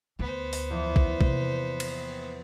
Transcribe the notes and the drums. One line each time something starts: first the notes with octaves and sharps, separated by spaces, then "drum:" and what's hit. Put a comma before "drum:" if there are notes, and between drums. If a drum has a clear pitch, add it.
D2 B3 C5
drum: open hi-hat
E2 F3
drum: kick
C3 A#3, drum: kick
drum: cymbal